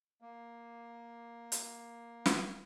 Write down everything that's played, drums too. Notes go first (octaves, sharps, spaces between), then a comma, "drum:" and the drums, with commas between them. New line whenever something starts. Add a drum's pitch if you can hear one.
A#3
drum: hi-hat
B3, drum: snare